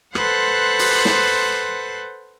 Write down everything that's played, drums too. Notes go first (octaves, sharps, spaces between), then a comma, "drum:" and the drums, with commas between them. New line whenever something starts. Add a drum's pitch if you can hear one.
A4 B4 C5 F#5 C6 F#6, drum: rim click
drum: open hi-hat
drum: snare